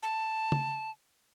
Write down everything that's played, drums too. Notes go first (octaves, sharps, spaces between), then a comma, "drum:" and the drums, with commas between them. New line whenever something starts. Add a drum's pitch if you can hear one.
A5
drum: tom